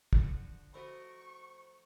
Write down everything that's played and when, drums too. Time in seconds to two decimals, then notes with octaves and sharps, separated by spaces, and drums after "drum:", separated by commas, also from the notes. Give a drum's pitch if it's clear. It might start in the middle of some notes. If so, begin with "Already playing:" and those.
0.13 D3 F3 F#4, drum: kick
0.74 A3 F#4 A#4 C5 D#5 B5 C#6